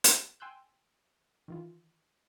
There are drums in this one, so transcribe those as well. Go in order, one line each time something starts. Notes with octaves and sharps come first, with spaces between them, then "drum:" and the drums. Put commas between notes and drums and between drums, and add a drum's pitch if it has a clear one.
drum: hi-hat
G5 G#5 C6 E6 F#6 G6
D#3 E3 F4